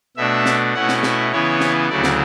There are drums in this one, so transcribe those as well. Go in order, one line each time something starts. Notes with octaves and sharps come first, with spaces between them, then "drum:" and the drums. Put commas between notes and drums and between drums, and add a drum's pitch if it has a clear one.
B2 A3 D4 E5
drum: snare
B2 A3 C#4 E4 F#5
drum: snare
E5, drum: snare
C#3 E3 B3 E4 C#5
drum: snare
D2 C#3 F#3 A3 E4 D5
drum: snare